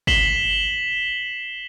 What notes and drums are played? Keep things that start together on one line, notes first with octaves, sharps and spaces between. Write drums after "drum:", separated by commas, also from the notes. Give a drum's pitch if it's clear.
B6 C7 E7 F#7 G7, drum: kick